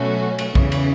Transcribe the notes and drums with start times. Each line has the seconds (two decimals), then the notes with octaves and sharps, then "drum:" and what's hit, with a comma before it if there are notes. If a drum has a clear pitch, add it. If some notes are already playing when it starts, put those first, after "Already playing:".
Already playing: B2 F#3 A3 C#4 F#4
0.38 drum: cymbal
0.55 E2 C#3 E3, drum: kick B1
0.72 drum: cymbal